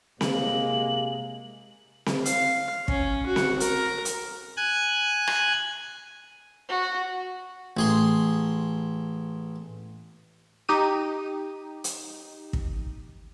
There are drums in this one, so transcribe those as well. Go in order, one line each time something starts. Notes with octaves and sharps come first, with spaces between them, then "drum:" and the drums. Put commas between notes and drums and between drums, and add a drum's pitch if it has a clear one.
C3 G#3 A#3 F#7, drum: snare C4
drum: snare C4
F5, drum: hi-hat
C#4, drum: kick
F#4
drum: snare C4
A#4, drum: hi-hat
drum: hi-hat
G#5 F#6 G#6
drum: rim click
F#4
A1 G#4 C6
D#4 G4 D#7
drum: hi-hat
drum: kick